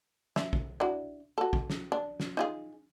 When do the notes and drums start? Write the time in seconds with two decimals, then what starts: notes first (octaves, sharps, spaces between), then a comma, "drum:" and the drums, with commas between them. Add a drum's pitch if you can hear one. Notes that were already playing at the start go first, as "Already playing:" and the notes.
0.36 E5, drum: snare
0.53 drum: kick
0.80 D4 E4 F#4
1.38 F#4 A4
1.53 drum: kick
1.70 drum: snare
1.92 D4
2.20 drum: snare
2.37 D#4 F4 G#4